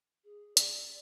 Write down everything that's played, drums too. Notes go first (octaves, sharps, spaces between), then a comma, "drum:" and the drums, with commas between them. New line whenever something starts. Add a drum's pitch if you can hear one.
G#4
D5, drum: hi-hat